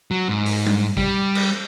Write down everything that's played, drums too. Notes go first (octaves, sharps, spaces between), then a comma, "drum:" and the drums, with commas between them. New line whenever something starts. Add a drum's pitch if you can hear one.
F#3
G#2
drum: open hi-hat
drum: tom G3
G3, drum: kick G#1
drum: cymbal